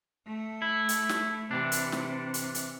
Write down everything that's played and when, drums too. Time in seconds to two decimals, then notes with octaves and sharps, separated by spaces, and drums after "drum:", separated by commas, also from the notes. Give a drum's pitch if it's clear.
0.27 A3
0.62 E4
0.89 drum: hi-hat
1.09 drum: snare
1.51 C3 E3 D4
1.72 drum: hi-hat
1.92 drum: snare
2.34 drum: hi-hat
2.55 drum: hi-hat